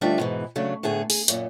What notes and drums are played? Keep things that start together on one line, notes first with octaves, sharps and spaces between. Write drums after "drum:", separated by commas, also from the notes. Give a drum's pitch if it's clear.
D2 G3 D4 D#4 F4 E5
G#2 B2 E3
C#3 F#3 A3 D4
A2 D3 B3 G#4
G#4, drum: open hi-hat
F#2 A#2, drum: hi-hat